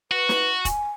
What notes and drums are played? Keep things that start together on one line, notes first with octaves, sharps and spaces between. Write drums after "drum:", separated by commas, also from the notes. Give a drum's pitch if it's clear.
F#4 B4
drum: snare
G#5, drum: kick E1, hi-hat